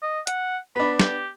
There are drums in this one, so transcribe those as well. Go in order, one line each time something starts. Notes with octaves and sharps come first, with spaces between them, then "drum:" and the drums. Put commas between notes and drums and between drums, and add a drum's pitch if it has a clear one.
D#5
F#5, drum: hi-hat
B3 D4 B5
G4, drum: snare